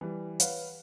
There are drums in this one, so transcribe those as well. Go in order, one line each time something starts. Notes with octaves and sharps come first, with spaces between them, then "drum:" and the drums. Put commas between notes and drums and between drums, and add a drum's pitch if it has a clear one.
E3 G3
B4 C#5 F5 F#5, drum: hi-hat